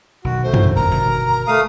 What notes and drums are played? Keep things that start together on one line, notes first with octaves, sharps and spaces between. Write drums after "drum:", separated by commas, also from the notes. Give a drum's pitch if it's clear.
B1 D#3 F#4
A3 C5
drum: tom
G1 E2 A#4 A#5
G1 B2 D#3
A3 F5 D#6